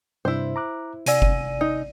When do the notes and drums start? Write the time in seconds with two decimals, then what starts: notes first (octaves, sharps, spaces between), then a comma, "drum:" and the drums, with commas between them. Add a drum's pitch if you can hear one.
0.25 G2 C3 D4 E4 C5
0.56 A#5 D6 F#6
1.06 C3 D5 G#5 E6 D#7, drum: hi-hat
1.22 drum: kick F#1
1.61 D#4